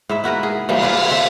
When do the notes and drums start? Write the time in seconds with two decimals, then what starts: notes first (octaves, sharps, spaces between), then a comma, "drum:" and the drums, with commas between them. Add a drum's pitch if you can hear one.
0.09 G#2 E4 E5
0.24 E4 F#4 A#4 B4
0.43 G#4
0.69 E3 G3 A#3, drum: cymbal
0.82 F4 B4 D5
1.11 D3 C4 F4 E5